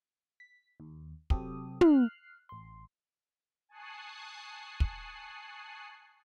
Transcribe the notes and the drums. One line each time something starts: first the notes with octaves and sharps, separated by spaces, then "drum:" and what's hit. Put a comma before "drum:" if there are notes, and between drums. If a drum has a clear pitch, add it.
B6
D#2
C3 F#3 C4 G4 A4 D#6, drum: kick
F6 F#6 C7, drum: tom
A1 C6
G#5 A5 C#6 D#6 F#6 C7
drum: kick